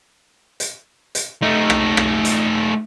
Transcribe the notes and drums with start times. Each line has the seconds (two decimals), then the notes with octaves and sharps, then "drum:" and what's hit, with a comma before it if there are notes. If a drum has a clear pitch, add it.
0.60 drum: hi-hat
1.15 drum: hi-hat
1.42 A3 D#4
1.70 drum: rim click
1.97 drum: rim click
2.25 drum: hi-hat